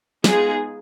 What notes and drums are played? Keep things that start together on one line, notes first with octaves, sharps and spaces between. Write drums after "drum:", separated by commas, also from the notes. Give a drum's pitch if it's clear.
G#3 B3 D#4 F4 G#4, drum: snare